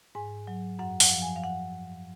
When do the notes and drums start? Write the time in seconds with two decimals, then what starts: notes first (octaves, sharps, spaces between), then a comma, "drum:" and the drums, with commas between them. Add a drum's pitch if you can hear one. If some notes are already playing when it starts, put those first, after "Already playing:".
0.15 G#2 G#5
0.47 F#3
0.79 F#2 F#5
1.00 F#5, drum: open hi-hat
1.11 F3
1.22 G#5
1.36 F5
1.44 F#5